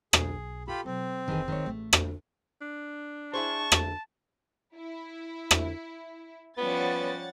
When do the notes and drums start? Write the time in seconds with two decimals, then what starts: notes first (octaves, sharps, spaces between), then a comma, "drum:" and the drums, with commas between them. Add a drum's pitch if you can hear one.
0.13 B1 G#4, drum: rim click
0.68 F4 G4 A4 B5
0.85 B2 F#3 C4
1.28 F1 C#2 D#3 E3 G#4
1.48 D#3 C#5
1.66 A1 A3
1.93 drum: rim click
2.61 D4
3.34 E4 G#4 C5 A5 C#6
3.72 drum: rim click
4.75 E4
5.51 drum: rim click
6.58 F3 G3 B3 C#4 C#5 F#5 A6